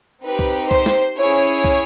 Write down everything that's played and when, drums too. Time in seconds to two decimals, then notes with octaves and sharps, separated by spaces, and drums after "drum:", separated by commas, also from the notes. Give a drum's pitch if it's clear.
0.23 C4 D#4 G4 B4
0.39 drum: kick
0.71 C5, drum: kick
0.86 drum: snare
1.17 C#4 E4 G#4 C#5
1.64 drum: kick